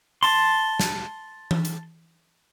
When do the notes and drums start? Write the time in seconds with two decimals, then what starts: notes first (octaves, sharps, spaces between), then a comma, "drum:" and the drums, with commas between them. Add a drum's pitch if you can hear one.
0.23 A5 C6, drum: open hi-hat
0.80 drum: snare
1.51 drum: tom E3
1.65 drum: hi-hat